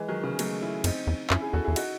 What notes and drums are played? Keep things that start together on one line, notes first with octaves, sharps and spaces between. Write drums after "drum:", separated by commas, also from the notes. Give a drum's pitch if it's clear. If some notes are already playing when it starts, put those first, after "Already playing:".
Already playing: E3 G#3
D#3 F#3
C#3 E3
F#3 A3, drum: cymbal
C#4 E4
F#2 C4 D#4, drum: cymbal
E2
F#2 C#4 E4, drum: clap
E4 G#4
E2 F#4 A4
E2 E4 G#4
D#4 F#4, drum: cymbal